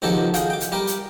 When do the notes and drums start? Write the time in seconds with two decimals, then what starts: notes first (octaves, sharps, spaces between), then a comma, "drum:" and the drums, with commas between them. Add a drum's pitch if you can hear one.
0.02 C#2 D#3 F3 F#4 G4 A4
0.34 F#4 G#4 F5 G5, drum: hi-hat
0.50 G5 D6
0.60 drum: hi-hat
0.72 G3 G4 A#4 G5
0.87 drum: hi-hat